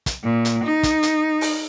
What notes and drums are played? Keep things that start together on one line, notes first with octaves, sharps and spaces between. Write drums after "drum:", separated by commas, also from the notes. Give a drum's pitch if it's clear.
drum: kick, hi-hat
A#2
drum: hi-hat
D#4
drum: kick, hi-hat
drum: hi-hat
drum: open hi-hat